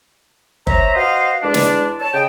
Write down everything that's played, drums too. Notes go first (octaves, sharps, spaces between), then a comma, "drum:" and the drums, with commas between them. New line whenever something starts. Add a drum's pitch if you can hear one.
C5 C#5 E5 A#5, drum: kick F#1
F#4 B4 C5 D#5 F5
E2 G#3 D4
drum: snare
C#5 A5
C#3 D#5 G5